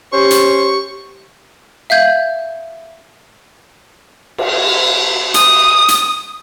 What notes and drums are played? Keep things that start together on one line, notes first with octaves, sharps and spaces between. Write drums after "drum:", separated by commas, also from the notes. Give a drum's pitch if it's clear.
C#4 G4 C5 C#6
drum: hi-hat
E5 F5 G6 G#6
drum: cymbal
D#6, drum: hi-hat
drum: hi-hat